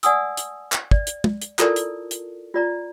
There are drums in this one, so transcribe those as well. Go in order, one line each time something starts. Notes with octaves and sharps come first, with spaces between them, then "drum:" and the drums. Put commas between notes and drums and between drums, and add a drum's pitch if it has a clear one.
D5 F#5 G#5 A5 D#6 E6, drum: hi-hat
drum: hi-hat
drum: clap
D5, drum: kick
drum: hi-hat
drum: tom
drum: hi-hat
E4 F4 A4 A#4 D5 A5, drum: clap
drum: hi-hat
drum: hi-hat
F4 D5 A#5